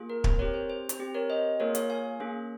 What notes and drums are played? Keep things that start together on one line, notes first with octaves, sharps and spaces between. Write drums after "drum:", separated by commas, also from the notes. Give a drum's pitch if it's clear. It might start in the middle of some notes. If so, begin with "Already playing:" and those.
Already playing: A#3 F4 G#4
A#4
C5, drum: kick
C4 G4 A#4 C#5
C5
C5
C5, drum: hi-hat
C4 G4
A#4 C#5
C5 D#5
A#3 F4 G#4 A#4 C#5
C#5 F5, drum: hi-hat
F5 G#5
A#3 C#4 G#4